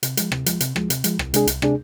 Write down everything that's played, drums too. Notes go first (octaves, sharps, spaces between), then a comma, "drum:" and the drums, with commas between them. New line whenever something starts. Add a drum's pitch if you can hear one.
C3, drum: hi-hat
F3 G#3, drum: hi-hat
C3, drum: rim click
F3 G#3, drum: hi-hat
C3, drum: hi-hat
F3 G#3, drum: rim click
C3, drum: hi-hat
F3 G#3, drum: hi-hat
C2, drum: rim click
C3 G#3 D4 G#4, drum: hi-hat
C2, drum: hi-hat
C3 G#3 D4 G#4, drum: rim click